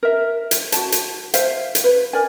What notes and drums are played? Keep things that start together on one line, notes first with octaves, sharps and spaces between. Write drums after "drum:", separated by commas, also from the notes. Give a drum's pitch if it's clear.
A#4 E5
drum: hi-hat
F#4 A5, drum: hi-hat
drum: hi-hat
C5 E5 F5, drum: hi-hat
drum: hi-hat
B4
A#4 D5 G#5